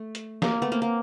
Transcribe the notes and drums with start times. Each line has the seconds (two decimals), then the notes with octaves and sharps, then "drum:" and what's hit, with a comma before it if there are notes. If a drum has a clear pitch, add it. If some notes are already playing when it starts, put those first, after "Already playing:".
Already playing: A3
0.15 drum: hi-hat
0.42 A#3, drum: snare
0.62 A3 B3
0.72 A#3 C4
0.82 A#3